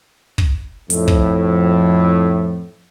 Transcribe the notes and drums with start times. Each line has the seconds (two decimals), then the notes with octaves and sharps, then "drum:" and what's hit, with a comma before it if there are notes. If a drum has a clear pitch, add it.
0.38 drum: kick
0.90 F2 A2, drum: hi-hat
1.08 drum: kick